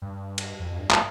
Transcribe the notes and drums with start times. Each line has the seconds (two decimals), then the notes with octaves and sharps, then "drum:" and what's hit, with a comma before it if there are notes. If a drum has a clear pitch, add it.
0.02 G2
0.38 drum: cymbal
0.59 F2
0.71 F2
0.79 G2
0.91 drum: clap